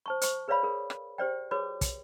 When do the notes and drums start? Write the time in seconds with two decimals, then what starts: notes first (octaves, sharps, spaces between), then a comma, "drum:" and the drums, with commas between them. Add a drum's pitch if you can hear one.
0.06 C5 A5 C#6
0.21 C5 C#6, drum: hi-hat
0.48 G#4 B4 C#5 D5 F5 B5
0.63 G#4 A#4
0.90 drum: rim click
1.18 G4 C5 D5 G5
1.51 F#4 G#4 B4 C#5 D6
1.81 drum: kick, hi-hat